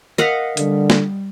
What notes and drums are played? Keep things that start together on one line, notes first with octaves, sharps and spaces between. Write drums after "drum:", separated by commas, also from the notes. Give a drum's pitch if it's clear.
A#4 D#5 F5 F#5 B6
D3 G3, drum: hi-hat
drum: snare